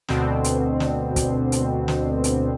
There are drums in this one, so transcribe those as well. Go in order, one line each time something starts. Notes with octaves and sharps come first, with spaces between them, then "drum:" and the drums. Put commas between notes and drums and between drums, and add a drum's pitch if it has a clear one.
D2 B2 D3 C4, drum: snare
drum: hi-hat
drum: snare
drum: kick, hi-hat
drum: hi-hat
drum: snare
drum: hi-hat